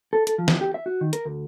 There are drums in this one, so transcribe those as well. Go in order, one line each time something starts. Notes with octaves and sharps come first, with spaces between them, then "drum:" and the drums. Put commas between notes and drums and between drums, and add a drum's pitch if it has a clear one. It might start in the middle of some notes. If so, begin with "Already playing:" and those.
A4
A4, drum: hi-hat
F3
drum: snare
G4
E5
F#4
D#3
A#4, drum: hi-hat
D2